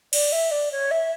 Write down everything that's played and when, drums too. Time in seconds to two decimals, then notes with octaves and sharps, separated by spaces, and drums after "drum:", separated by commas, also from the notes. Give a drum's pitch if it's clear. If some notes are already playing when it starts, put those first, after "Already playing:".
0.13 D5, drum: cymbal
0.32 E5
0.51 D5
0.71 C#5
0.91 E5